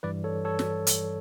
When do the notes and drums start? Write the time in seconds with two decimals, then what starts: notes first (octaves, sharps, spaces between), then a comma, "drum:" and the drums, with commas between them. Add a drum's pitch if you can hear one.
0.03 G2 E3 G3 B4 D5
0.24 A4 C#5
0.45 A4 C#5
0.59 drum: snare
0.87 drum: hi-hat